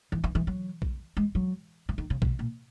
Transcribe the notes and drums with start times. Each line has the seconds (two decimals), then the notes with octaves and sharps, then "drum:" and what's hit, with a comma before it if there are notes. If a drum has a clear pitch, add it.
0.12 E3
0.24 E3
0.35 E3
0.47 F#3
0.82 drum: kick A#1
1.17 G#3
1.35 F#3
1.89 E3
1.98 D#3
2.10 C#3
2.22 B2, drum: kick A#1
2.39 A#2